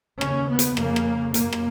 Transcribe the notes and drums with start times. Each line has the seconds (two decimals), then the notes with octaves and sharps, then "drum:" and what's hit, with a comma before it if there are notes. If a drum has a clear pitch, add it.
0.21 D#2 C#3 C#4, drum: rim click
0.49 B3
0.59 drum: hi-hat
0.77 F2 C#3 A#3, drum: rim click
0.96 drum: rim click
1.34 F#2 C#3 A#3, drum: hi-hat
1.53 drum: rim click